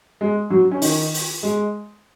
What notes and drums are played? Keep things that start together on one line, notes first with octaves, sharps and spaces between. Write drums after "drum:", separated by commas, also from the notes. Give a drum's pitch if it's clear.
G#3
F#3 F#4
C#4
D#3 D#4, drum: open hi-hat
drum: open hi-hat
G#3